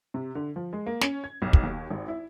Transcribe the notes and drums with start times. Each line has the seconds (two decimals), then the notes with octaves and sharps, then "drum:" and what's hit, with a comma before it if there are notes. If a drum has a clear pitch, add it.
0.14 C3
0.35 D3
0.56 F3
0.73 G#3
0.86 A#3
1.01 C#4, drum: snare
1.24 G#6
1.42 B1
1.53 drum: kick
1.63 D#2
1.90 G#1
2.08 E4